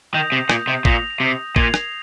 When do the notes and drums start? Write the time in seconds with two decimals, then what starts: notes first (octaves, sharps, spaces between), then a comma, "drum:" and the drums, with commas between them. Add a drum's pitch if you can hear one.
0.14 D#3 D#6 G6 A#6 F7
0.32 C3
0.49 A#2, drum: rim click
0.68 C3
0.85 A#2 D#6 G6 A#6 F7, drum: kick
1.20 C3
1.56 A#2 G#6 C7 F7, drum: kick
1.74 drum: rim click